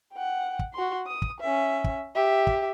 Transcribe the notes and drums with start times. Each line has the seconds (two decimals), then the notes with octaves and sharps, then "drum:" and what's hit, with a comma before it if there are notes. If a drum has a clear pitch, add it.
0.12 F#5 G5
0.59 drum: kick
0.74 F#4 C6
1.07 D#6
1.22 drum: kick
1.40 C#4 E5
1.84 drum: kick
2.15 G4 E5
2.47 drum: kick